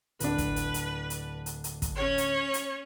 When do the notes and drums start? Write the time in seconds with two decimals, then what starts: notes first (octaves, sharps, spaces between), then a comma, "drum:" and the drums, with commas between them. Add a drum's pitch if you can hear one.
0.20 D1 D4 B4, drum: hi-hat
0.38 drum: kick, hi-hat
0.56 drum: hi-hat
0.74 drum: hi-hat
1.10 drum: hi-hat
1.46 drum: hi-hat
1.64 drum: hi-hat
1.82 drum: kick, hi-hat
1.96 C#4 C#5
2.18 drum: hi-hat
2.54 drum: hi-hat